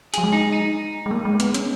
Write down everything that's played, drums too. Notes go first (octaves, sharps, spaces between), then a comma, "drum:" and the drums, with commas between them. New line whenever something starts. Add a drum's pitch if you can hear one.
F#3 G#4, drum: hi-hat
G#3
D#4
D#4
G#3
A#3
G#3
B3, drum: hi-hat
C#4, drum: hi-hat